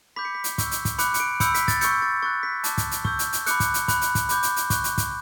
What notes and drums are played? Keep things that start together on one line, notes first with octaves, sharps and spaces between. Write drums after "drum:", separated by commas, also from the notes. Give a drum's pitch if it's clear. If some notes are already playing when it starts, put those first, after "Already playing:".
B5 D6 G6 B6
C#7
B6
drum: hi-hat
C#6 E6 G6, drum: kick, hi-hat
drum: hi-hat
drum: kick, hi-hat
B5 D6 F#6 C#7, drum: hi-hat
C#7, drum: hi-hat
D7
B5 E6 G6 C#7, drum: kick, hi-hat
B6, drum: hi-hat
A6, drum: kick, hi-hat
C#6 E6 G6 C#7, drum: hi-hat
A6
C#6 F#6 A6
B6
A5 D6 G6, drum: hi-hat
drum: kick, hi-hat
drum: hi-hat
C#6 E6 G6, drum: kick
drum: hi-hat
drum: hi-hat
B5 D6 F#6 C#7, drum: hi-hat
drum: kick, hi-hat
drum: hi-hat
B5 F#6, drum: kick, hi-hat
drum: hi-hat
drum: kick, hi-hat
B5 D6 G6, drum: hi-hat
drum: hi-hat
drum: hi-hat
C#6 F#6, drum: kick, hi-hat
drum: hi-hat
drum: kick, hi-hat